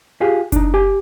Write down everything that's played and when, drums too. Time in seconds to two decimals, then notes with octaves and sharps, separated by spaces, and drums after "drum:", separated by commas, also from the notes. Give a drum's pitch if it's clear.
0.21 F4 G4 G#4 F5
0.52 D4 D#4, drum: kick F#1, hi-hat
0.74 G4 G#5